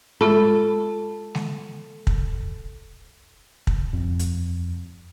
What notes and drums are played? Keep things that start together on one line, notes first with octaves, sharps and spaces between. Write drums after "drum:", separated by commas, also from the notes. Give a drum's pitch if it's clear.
G#3 F4 A4 B5
drum: snare G#3
drum: kick
drum: kick
F2
drum: hi-hat